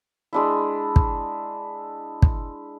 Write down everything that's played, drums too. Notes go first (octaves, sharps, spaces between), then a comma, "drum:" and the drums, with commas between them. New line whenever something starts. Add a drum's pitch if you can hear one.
G#3 D4 E4
drum: kick
drum: kick